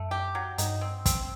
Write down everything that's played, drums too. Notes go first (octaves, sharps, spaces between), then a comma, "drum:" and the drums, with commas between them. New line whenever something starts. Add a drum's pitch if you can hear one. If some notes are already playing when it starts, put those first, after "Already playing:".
Already playing: F#2 A3
G4
F#3
G2 D#4, drum: hi-hat
C4
C4, drum: kick, hi-hat